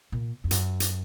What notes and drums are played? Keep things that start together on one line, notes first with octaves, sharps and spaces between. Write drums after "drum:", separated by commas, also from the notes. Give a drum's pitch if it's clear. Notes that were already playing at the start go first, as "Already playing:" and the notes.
A#2
F2
F#2, drum: hi-hat
drum: hi-hat